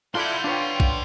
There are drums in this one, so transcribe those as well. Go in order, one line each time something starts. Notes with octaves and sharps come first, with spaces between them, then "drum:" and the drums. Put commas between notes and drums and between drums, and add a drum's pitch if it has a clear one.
E4 F4 A4 D5 F#5 C6 F#6 G6
D4 F4 B4 C#5 G5
drum: kick A#1